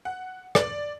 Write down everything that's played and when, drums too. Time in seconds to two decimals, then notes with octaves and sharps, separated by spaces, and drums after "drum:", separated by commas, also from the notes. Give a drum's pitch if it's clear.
0.05 F#5
0.55 D5, drum: rim click